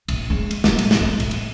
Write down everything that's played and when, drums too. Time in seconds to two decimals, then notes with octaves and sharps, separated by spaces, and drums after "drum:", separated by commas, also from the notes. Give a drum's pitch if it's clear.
0.08 A#1, drum: cymbal
0.30 G#3
0.51 drum: cymbal
0.64 G3, drum: snare
0.79 A2, drum: cymbal
0.91 drum: snare
1.00 A3
1.20 A2, drum: cymbal
1.31 drum: cymbal